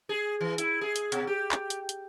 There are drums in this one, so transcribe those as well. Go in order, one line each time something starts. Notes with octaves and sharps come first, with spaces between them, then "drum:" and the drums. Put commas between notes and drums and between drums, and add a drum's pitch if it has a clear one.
G#4
E3
E4, drum: hi-hat
G#4
drum: hi-hat
B2, drum: hi-hat
G4
drum: clap
drum: hi-hat
drum: hi-hat